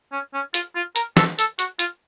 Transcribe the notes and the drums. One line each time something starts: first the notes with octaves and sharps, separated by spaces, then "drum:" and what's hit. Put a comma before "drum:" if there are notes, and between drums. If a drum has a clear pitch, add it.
C#4
C#4
F4, drum: hi-hat
F4
A#4, drum: hi-hat
A4, drum: snare
A4, drum: hi-hat
F#4, drum: hi-hat
F4, drum: hi-hat